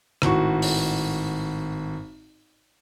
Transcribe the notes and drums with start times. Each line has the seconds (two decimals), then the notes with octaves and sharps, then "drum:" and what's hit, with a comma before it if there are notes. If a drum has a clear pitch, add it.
0.22 G#1 A2 F#4 C#6, drum: rim click
0.62 drum: open hi-hat